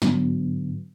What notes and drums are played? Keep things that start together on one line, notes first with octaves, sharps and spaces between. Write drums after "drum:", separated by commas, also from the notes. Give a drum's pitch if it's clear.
G#2 D3 F#3 B3, drum: snare